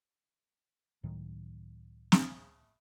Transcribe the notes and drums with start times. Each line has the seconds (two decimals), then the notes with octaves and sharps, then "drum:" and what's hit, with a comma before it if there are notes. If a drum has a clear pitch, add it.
1.03 C#2 A2 D#3 F#3
2.12 drum: snare